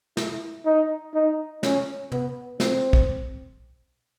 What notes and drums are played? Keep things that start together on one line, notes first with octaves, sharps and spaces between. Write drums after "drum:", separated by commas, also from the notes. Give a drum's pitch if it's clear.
E4, drum: snare
D#4
D#4
C#4, drum: snare
B3, drum: tom
C4, drum: snare
drum: kick